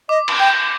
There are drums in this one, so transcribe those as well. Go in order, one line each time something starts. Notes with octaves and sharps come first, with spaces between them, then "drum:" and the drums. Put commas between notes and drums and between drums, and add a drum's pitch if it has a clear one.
D#5 D6
drum: cymbal
G5 G6